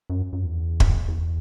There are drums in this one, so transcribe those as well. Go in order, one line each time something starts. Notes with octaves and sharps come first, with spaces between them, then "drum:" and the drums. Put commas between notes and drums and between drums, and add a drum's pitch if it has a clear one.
F#2
F#2
E2
F#2, drum: kick
E2
E2